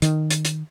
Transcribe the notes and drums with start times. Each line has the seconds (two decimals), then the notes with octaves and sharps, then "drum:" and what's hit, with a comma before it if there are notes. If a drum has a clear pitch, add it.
0.02 D#3, drum: hi-hat
0.30 drum: hi-hat
0.45 drum: hi-hat